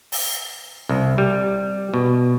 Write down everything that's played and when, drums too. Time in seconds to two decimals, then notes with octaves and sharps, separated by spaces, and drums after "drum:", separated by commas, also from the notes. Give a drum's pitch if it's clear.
0.12 drum: open hi-hat
0.89 C2
1.18 G3
1.94 B2